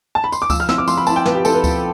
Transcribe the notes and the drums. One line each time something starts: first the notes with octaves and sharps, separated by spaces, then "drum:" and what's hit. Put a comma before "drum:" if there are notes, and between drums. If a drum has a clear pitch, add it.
A5
B5
C6, drum: tambourine
D6
F3 E6, drum: kick D2, tambourine
F6
C4 E4 E6, drum: snare
D6
F3 C6, drum: tambourine
B5
C4 E4 A5, drum: tambourine
G5
F3 B4, drum: snare
G4
C4 E4 A4, drum: tambourine
B4
F3, drum: kick D2, tambourine